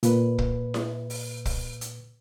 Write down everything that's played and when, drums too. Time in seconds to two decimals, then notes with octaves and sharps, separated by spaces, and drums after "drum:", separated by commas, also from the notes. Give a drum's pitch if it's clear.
0.03 A#2 B4, drum: hi-hat
0.38 drum: kick
0.74 drum: snare E4
1.10 drum: open hi-hat
1.45 drum: kick, open hi-hat
1.81 drum: hi-hat